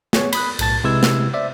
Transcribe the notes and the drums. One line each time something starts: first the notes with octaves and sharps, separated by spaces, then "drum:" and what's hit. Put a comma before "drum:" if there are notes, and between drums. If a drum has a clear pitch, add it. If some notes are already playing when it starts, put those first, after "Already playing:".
B3 G#4 C#5, drum: snare
B5 D#6 F#6, drum: cymbal
B1 A2 A5 A6, drum: cymbal
C3 G#3 E4 B4 E6 G#6
drum: snare
C5 D5 E5